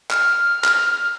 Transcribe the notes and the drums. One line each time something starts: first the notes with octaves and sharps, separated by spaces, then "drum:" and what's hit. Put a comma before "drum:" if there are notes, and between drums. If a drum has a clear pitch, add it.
F6, drum: clap
drum: clap